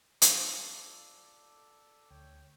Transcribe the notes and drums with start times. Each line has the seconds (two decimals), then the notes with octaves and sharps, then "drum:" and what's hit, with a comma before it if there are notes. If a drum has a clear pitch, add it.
0.22 F4 A4 D5, drum: hi-hat
2.11 D2 C#5 G5